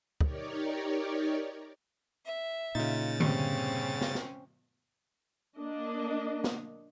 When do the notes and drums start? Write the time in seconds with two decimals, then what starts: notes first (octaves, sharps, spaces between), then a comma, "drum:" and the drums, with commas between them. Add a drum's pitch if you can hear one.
0.21 D#4 G4 A#4 C#5 D5, drum: kick
2.25 E5
2.75 A#2 C#3 D#4 F4 A6
3.20 G2 C3 C4 C#4, drum: tom D3
4.01 drum: snare
4.15 drum: snare
5.59 A#3 D4 D#5
6.44 drum: snare